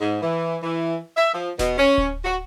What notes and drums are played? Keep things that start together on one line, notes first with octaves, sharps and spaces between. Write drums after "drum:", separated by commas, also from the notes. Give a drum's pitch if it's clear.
G#2
E3
E3
E5
F3
B2, drum: snare D#1
C#4
drum: kick D1
F#4